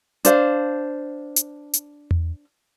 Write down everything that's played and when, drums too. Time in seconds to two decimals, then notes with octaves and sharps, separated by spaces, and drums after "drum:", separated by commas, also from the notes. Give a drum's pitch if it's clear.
0.25 D4 C5 F5, drum: hi-hat
1.36 drum: hi-hat
1.73 drum: hi-hat
2.11 drum: tom E2